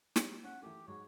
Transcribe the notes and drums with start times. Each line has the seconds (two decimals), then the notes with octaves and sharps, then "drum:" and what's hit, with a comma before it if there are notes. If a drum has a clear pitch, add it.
0.16 G3 G4, drum: snare
0.44 C#4 F#5
0.63 E3 A3 G4
0.88 G#2 F#3 G#3 C#5